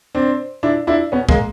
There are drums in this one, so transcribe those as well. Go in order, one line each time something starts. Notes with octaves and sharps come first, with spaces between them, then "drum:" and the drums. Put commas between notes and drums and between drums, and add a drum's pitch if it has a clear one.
C4 D4
D4 E4
D4 E4
B3 C#4
G#3 A#3, drum: kick